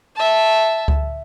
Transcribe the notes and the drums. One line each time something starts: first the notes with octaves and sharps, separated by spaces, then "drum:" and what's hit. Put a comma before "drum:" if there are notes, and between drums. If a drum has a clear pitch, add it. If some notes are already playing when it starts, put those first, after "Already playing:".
E5 A5
drum: kick C#2